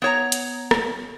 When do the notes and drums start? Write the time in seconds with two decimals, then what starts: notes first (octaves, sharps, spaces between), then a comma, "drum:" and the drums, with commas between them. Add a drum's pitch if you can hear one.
0.02 B3 C#5 A#5
0.32 drum: hi-hat
0.71 drum: rim click